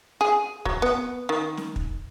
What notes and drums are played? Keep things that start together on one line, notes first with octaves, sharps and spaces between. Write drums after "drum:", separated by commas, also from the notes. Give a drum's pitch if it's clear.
G#4
F#3, drum: kick
B3
D#3
drum: snare
drum: kick